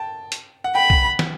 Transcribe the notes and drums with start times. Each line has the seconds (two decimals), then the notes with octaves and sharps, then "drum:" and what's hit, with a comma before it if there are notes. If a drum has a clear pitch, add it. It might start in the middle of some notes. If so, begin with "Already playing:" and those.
Already playing: G5 A5
0.32 drum: hi-hat
0.64 F#5
0.75 G5 B5
0.90 drum: kick
1.19 drum: snare